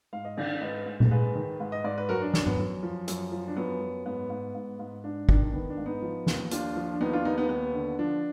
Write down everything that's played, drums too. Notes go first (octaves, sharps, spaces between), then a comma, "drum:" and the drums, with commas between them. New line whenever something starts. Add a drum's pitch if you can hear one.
G#2 F5
D#5
D#3 D5 F5, drum: cymbal
G#2 B4 D#5
G#2
drum: tom A#2
G#2 G#4 B4
D#3
G#2
D#5
G#2 D5
B4
F#2 F#4 A#4
D4
F#2 D4, drum: snare
B3, drum: tom G2
F#2
F3
F#2, drum: hi-hat
F3
D4
F#2 B3
F#2
G#2 B3
G#2
G#2
G#2
G#2 D4
D#3 D4, drum: kick
D4
D#3 B3
D4
G#2
B3 D#4
F3
D#2, drum: snare
D#2 D4 F4, drum: hi-hat
F3
D4
D#2 B3 D#4
D4 F4
D#2 B3 D#4
B3 D#4
D#2 B3
D3
F3 D4